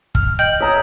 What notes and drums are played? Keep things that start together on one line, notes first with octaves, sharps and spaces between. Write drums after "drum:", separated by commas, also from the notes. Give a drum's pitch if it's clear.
F6, drum: kick
D#5 G5 G6 F#7
C#5 E5 A#5 D#6